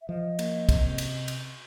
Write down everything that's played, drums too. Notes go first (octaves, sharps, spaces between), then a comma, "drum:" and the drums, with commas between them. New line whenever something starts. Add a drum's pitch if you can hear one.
E5
F3 D#5
A#3, drum: cymbal
C3, drum: kick, cymbal
drum: cymbal
drum: cymbal